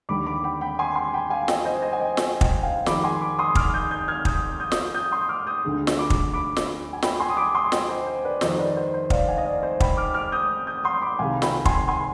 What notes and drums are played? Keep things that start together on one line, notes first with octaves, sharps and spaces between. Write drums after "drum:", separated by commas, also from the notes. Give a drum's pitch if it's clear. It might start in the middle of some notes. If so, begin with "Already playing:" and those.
D#2 D3 G3 B5 D6
B5 D6
G5 B5
G5 B5
G#5 C6
G#5 C6
G5 B5
F5 G#5
D#5 G5, drum: snare
C5 D#5
C5 D#5
G#5
D#5 G5
drum: snare
D#5 G5, drum: kick
F5 G#5
F2 D#3 G#3 B5 D6, drum: snare
G#5 C6
B5 D6
C6 D#6
D6 F6, drum: kick
D#6 G6
D#6 G6
F6 G#6
D#6 G6, drum: kick
D#6 G6
drum: snare
D#6 G6
C6 D#6
D6 F6
D#6 G6
D2 D3 G#3
drum: snare
B5 D6
drum: kick
B5 D6
drum: snare
G#5
G5 B5, drum: snare
G#5 C6
D#6
B5 D6
C6 D#6
D#5 G5, drum: snare
C5
C5
B4 D5
F2 D#3 G#3 C5 D#5, drum: snare
B4 D5
C5
C5
D5 F5, drum: kick
F5 G#5
D#5
D5 F5
C5
G5 B5, drum: kick
D6 F6
D6 F6
D#6 G6
D#6 G6
C6 D#6
B5 D6
C2 C3 D#3 G#3 F5 G#5
G5 B5, drum: snare
G#5 C6, drum: kick
G#5 C6